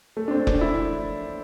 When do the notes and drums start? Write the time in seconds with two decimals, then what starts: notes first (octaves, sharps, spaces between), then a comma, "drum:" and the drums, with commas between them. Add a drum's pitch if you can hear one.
0.17 A3
0.28 D4
0.31 C4
0.47 D4, drum: kick F1
0.61 E4